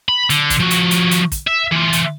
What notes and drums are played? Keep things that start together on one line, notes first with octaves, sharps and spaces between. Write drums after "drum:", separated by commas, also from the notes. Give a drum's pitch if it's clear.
B5
D3, drum: hi-hat
drum: kick, hi-hat
F3 F#4
drum: hi-hat
drum: hi-hat
drum: hi-hat
drum: kick, hi-hat
E5
E3 F4
drum: hi-hat